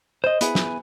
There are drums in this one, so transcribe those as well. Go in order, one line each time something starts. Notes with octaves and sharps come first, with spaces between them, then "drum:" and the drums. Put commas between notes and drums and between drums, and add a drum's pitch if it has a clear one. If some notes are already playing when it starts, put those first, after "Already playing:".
C5 D#5
B3 E4 G#4, drum: hi-hat
drum: snare